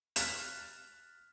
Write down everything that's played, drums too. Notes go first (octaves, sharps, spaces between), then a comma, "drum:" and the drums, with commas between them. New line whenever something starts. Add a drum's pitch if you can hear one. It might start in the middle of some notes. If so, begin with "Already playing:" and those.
F6 F#6 A6 B6 E7, drum: hi-hat